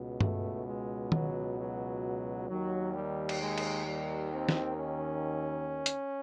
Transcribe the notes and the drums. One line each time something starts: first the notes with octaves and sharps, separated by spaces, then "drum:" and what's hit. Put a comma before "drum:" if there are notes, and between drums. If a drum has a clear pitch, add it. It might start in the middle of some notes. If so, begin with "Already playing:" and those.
Already playing: C#2 B2
A3, drum: tom G2
G#3
F#3, drum: tom D#3
F#3
D#2 D#3 F#3
G3
drum: cymbal
G#3
drum: cymbal
G3
C4
drum: snare
C#4
drum: hi-hat